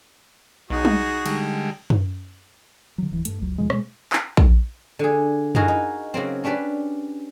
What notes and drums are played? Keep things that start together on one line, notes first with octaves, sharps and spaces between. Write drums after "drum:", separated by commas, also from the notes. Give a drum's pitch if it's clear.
B1 D#4 F#4 G#4
drum: tom G3
D3 G3 G#3, drum: cymbal
drum: tom F#2
D3 F#3
D1 E3
G2 A3, drum: hi-hat
F#1 C#2 F#3
D#2 B2 F3 G#3
B2 G#3, drum: rim click
drum: clap
drum: kick A#1
D3 G#4
A#3 D#4 E4 F#4 G#4 A#4, drum: tom F#2
D#4
C#3 F#3 A#3 C4
C#4 D4 G4 B4 D5